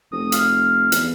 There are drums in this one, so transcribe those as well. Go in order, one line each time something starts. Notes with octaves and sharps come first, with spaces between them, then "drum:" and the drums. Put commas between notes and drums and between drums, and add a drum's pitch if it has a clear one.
F1 D#6
F5, drum: hi-hat
E2, drum: hi-hat